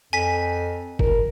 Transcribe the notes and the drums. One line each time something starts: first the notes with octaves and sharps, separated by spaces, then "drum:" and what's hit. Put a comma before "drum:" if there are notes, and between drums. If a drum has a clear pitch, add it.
F2 G#5 B6
A#4, drum: kick G1